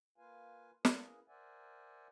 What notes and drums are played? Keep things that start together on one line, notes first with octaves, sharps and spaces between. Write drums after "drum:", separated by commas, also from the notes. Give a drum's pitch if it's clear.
A#3 F4 B4 F5 G#5
A#3 C#4 E4 G#4 A#4 B4, drum: snare
A#4 C5 D5 E5 F#5 G#5